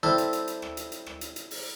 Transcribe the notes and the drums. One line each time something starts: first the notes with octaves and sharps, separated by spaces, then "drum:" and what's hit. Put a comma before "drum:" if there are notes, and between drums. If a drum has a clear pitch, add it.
G3 C4 E4 A4
drum: hi-hat
drum: hi-hat
drum: hi-hat
drum: rim click
drum: hi-hat
drum: hi-hat
drum: rim click
drum: hi-hat
drum: hi-hat
drum: open hi-hat